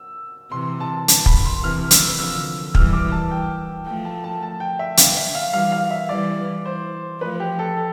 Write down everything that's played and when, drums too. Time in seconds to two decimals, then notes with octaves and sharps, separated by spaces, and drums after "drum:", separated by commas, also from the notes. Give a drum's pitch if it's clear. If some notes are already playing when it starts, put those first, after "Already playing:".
Already playing: E6
0.51 C3 E3 C6
0.80 A5
1.08 A5, drum: hi-hat
1.26 B5, drum: kick
1.45 C6
1.63 C3 E3 F6
1.91 E6, drum: hi-hat
2.19 D3 F3 E6
2.75 E3 G3 F6, drum: kick
2.93 D6
3.12 A5
3.31 G5
3.86 F3 A3 G5
4.05 A5
4.24 A5
4.43 A5
4.60 G5
4.79 E5
4.97 F5, drum: hi-hat
5.17 E5
5.35 F5
5.53 E3 G3 F5
5.72 F5
5.91 E5
6.09 E3 G3 D5
6.65 C5
7.21 F3 A3 B4
7.40 G4
7.59 A4
7.77 A4